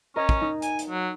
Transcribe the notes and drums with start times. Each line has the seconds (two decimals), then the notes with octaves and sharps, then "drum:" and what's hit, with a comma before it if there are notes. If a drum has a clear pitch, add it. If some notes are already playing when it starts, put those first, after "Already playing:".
0.16 C#4 A#4 D#5 G#6
0.29 drum: kick
0.41 D#4
0.62 G#5, drum: hi-hat
0.79 drum: hi-hat
0.90 F#3